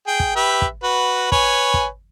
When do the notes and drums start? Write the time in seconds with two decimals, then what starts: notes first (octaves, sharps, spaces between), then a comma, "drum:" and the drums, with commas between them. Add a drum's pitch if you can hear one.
0.07 G#4 G5
0.20 drum: kick
0.36 G4 B4 E5
0.62 drum: kick
0.83 F#4 B4
1.32 B4 C#5 G#5, drum: kick
1.74 drum: kick